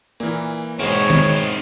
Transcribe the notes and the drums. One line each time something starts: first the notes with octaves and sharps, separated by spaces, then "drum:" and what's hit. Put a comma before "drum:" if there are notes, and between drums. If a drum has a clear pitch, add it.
A#2 E3 A#3
E2 G#2 B2 D#3 C4 C#5
drum: tom D#3